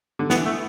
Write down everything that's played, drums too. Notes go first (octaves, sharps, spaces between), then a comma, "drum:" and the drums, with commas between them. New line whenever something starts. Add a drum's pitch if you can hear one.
D3
E3 B3, drum: snare
A3